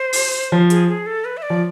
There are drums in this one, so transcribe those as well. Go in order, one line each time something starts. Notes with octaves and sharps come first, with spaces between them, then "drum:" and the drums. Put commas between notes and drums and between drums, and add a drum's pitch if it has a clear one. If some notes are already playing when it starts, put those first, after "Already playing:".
Already playing: C5
drum: open hi-hat
F3
G#4, drum: hi-hat
G#4
A4
B4
E5
D5
F3